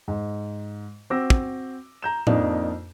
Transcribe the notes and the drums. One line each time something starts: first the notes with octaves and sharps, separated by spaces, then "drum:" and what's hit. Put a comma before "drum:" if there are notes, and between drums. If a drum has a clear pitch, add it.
G#2
C4 F#4 D6 E6 A#6
drum: kick
A#5 G6 E7
F2 A#3 D4 D#4, drum: tom A2